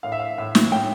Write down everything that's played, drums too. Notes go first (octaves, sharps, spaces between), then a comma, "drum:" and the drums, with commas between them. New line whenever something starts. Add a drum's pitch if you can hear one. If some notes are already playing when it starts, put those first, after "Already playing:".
A2 F5
E5
F5
A2 E5
drum: snare
A2 G5